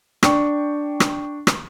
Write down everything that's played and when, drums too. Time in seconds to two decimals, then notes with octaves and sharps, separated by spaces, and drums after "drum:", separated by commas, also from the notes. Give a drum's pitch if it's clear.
0.23 D4 G5 C#6, drum: rim click
1.00 drum: rim click
1.47 drum: rim click